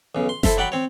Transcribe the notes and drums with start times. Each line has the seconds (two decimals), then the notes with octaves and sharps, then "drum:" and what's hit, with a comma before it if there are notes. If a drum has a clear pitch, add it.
0.15 B1 C#3
0.29 C6
0.43 E4 A4 C5 E5, drum: snare F#1
0.57 F#3 D5 F#5 G5 B5 C#6
0.72 C4 C#5